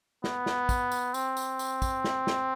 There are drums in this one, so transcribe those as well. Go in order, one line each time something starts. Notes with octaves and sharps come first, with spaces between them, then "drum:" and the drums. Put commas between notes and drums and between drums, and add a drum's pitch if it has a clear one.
B3, drum: snare
drum: snare
drum: kick, tambourine
drum: tambourine
C4, drum: tambourine
drum: tambourine
drum: tambourine
drum: kick, tambourine
drum: snare
drum: snare